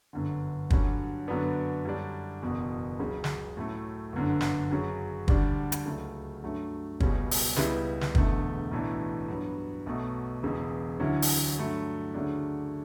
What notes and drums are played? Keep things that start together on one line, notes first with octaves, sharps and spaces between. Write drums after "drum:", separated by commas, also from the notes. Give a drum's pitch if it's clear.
G1 F#2 D3
G2 D3 F#3 C#4, drum: kick
F#2 D3 F#3 B3 D4
F#2 D3 G3 D4
F#1 E2 B2
C#2 C#3 F#3 C#4
drum: snare
A2 F#3 A3
G1 F#2 D3
drum: snare
F#2 C#3 F#3
D2 D3 G3 D4, drum: kick
drum: hi-hat
C#2 C#3 F#3 A3
G2 F#3 A3
C#2 B2 G3 C#4, drum: kick
drum: open hi-hat
C#2 C#3 G3 B3 E4, drum: snare
drum: snare
E1 E2 D3 A3, drum: kick
B1 A2 E3 A3 D4
G2 F#3 B3
B1 B2 A3
E1 E2 C#3
D2 D3 F#3 C#4 E4
drum: open hi-hat
G2 F#3 A3
D2 C#3 F#3 A3 D4